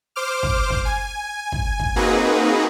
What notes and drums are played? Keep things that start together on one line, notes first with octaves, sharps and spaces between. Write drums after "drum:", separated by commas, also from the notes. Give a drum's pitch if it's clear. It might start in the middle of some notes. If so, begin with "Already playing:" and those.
C5 D6 F6
drum: kick
drum: kick
G#5
drum: kick
drum: kick
A#3 C4 D#4 F#4 G#4 B4